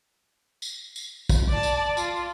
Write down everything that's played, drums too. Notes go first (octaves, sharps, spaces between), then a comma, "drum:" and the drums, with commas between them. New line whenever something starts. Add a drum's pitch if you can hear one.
drum: tambourine
drum: tambourine
drum: kick, tambourine
D5 A5
drum: tambourine
F4, drum: tambourine